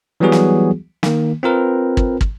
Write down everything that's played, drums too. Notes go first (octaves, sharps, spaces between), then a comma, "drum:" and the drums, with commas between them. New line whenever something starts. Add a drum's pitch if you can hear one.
E3 F#3 G3 B3 F#4 G#4
drum: snare
D#3 A#3, drum: snare
C4 F4 A#4 B4
drum: kick
drum: kick